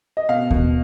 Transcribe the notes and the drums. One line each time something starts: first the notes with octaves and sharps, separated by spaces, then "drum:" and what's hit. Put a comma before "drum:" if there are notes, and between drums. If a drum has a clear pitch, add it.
D#5
B2 F5
B2, drum: kick D#2